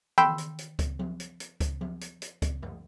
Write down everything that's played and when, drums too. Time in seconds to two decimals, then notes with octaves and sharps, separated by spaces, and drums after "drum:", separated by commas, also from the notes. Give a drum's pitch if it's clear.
0.18 G5 B5 C6 E6, drum: tom D#3
0.38 drum: hi-hat
0.58 drum: hi-hat
0.79 drum: kick C#2, hi-hat
0.99 drum: tom F3
1.20 drum: hi-hat
1.40 drum: hi-hat
1.60 drum: kick C#2, hi-hat
1.81 drum: tom F3
2.01 drum: hi-hat
2.22 drum: hi-hat
2.42 drum: kick C#2, hi-hat
2.62 drum: tom F#2